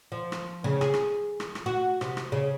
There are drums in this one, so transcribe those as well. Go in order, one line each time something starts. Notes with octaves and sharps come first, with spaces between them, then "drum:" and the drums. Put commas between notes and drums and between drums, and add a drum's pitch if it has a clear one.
F3
drum: rim click
C#3
G#4, drum: rim click
drum: rim click
drum: rim click
drum: rim click
F#4
C3, drum: rim click
drum: rim click
C#3